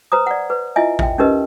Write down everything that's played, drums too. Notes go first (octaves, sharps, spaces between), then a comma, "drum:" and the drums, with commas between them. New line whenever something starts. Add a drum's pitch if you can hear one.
B4 C5 A#5 D#6
D5 F#5
B4
E4 F4 D#5 E5 G#5
E5 G5, drum: kick A1
C#4 D#4 G4 A#4 B4 D#5